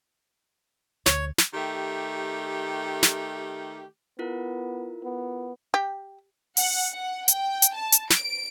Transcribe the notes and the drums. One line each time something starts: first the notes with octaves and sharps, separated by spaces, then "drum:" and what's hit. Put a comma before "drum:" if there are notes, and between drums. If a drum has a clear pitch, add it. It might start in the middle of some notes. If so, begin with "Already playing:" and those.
D2 C#5, drum: snare
drum: snare
D#3 A3 G4
drum: snare
B3 E4 F4 A#4
B3
G4
F#5, drum: open hi-hat
F#5
G5, drum: hi-hat
drum: hi-hat
A5
drum: hi-hat
D7, drum: snare